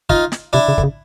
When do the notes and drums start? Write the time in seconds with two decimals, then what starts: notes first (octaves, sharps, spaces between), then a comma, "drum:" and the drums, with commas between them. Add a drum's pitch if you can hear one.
0.10 D#4 F4, drum: kick
0.32 drum: snare
0.53 C3 D4 E4
0.68 C#3
0.78 D3, drum: kick
0.83 C#3